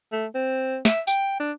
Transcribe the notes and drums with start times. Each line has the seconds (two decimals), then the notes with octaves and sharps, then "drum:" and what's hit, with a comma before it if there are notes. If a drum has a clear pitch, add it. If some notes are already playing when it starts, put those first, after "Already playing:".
0.12 A3
0.35 C4
0.85 E5, drum: snare
1.07 G5, drum: tambourine
1.40 D4